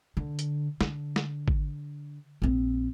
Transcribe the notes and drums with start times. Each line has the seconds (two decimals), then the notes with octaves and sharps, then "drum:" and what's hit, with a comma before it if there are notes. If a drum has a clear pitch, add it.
0.17 D3
0.39 drum: hi-hat
0.81 D3, drum: snare
1.16 drum: snare
1.48 drum: kick
2.42 A#1 C4